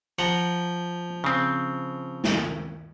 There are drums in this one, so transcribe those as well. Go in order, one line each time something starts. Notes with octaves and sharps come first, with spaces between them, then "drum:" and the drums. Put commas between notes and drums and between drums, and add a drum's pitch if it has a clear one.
F3 F#5 A#5
C#3 C4
drum: snare